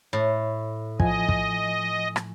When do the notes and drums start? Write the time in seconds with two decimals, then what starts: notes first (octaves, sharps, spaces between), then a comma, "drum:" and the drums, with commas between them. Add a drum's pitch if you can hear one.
0.13 A2
1.00 F3 D#5 G#5, drum: kick
1.29 drum: kick
2.16 drum: rim click